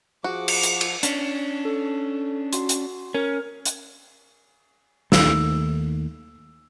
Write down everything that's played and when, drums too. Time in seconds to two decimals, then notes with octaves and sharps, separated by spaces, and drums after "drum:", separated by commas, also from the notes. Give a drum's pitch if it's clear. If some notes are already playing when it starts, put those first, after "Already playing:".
0.24 F3 F#4 G#4 F#5 D6
0.48 drum: cymbal
0.63 drum: hi-hat
0.81 drum: cymbal
1.03 C#4 D4, drum: hi-hat
1.65 A4
2.53 F#4 C6, drum: hi-hat
2.69 drum: hi-hat
3.14 C#4 A#4
3.66 drum: hi-hat
5.12 D#2 D#3 A3 E6, drum: snare